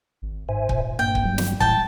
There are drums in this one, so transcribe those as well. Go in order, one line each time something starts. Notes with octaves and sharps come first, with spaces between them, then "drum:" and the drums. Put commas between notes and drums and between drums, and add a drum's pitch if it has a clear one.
G#1
G#2 C5 E5 G#5
A#2, drum: kick
G2 A#3 G5
drum: kick
F#3 G3
drum: snare
A2 E3 G3 G5 A5, drum: kick